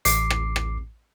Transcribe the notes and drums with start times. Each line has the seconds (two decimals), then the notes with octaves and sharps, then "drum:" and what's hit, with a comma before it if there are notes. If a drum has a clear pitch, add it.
0.05 A1 D6 C7, drum: hi-hat
0.30 drum: rim click
0.56 drum: rim click